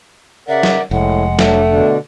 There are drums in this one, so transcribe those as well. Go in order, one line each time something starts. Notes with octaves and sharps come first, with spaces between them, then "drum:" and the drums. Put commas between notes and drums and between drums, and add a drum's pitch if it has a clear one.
C#3 A#4 D5 E5 F#5
drum: snare
F1 A2 G#3 F#5
F#3 A3 D4, drum: snare
B2 D3 D4